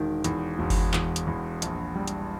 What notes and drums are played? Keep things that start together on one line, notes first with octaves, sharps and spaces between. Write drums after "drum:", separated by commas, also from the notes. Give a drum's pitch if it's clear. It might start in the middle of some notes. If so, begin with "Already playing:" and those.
Already playing: E1 D#3
E2, drum: hi-hat
E1
drum: kick G1, open hi-hat
E2, drum: clap
drum: hi-hat
E2
A#1, drum: hi-hat
G3
drum: hi-hat